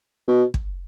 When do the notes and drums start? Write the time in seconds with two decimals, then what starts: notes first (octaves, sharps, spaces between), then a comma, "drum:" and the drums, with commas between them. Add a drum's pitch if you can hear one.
0.28 B2
0.54 drum: kick